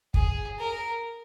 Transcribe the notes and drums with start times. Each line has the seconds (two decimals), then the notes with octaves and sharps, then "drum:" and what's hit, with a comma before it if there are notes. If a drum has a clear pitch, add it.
0.14 G#4, drum: kick
0.59 A#4